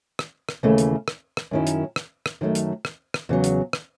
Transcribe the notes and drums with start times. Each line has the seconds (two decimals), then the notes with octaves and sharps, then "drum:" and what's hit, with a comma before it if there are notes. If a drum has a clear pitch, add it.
0.19 drum: rim click
0.49 drum: rim click
0.63 D#2 C#3 E3 A3
0.78 drum: hi-hat
1.08 drum: rim click
1.37 drum: rim click
1.51 F#2 D#3 F#3 C#4 E4
1.67 drum: hi-hat
1.96 drum: rim click
2.26 drum: rim click
2.41 F#2 D#3 F#3 A3
2.55 drum: hi-hat
2.85 drum: rim click
3.14 drum: rim click
3.29 E2 C#3 F#3
3.44 drum: hi-hat
3.73 drum: rim click